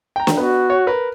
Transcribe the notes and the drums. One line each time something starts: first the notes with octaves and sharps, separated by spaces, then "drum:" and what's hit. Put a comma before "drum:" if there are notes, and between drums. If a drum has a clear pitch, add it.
G5 A#5
drum: snare
B3 F#4
C#5
A#4 B4